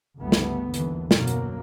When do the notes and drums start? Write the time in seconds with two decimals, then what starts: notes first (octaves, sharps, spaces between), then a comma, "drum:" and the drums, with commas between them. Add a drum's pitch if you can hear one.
0.18 G1 C#2 G3 A3 B3
0.32 drum: snare
0.74 D#2 D3 E3, drum: hi-hat
1.11 B1 F#2 B2 D3 F#3 A#3, drum: snare
1.27 drum: hi-hat